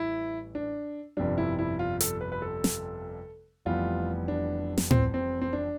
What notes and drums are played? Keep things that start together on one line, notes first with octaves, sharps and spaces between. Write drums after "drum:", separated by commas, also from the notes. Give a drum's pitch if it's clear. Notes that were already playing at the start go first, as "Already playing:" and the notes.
Already playing: A1 A2 E3 G3 E4
D4
G1 F2 C3 G3 D4
E4
E4
F4
A4, drum: hi-hat
B4
B4
A4
drum: snare
F1 F2 E3 G3 B3 F4
D4
drum: snare
C4, drum: tom A2
C4
C4
D4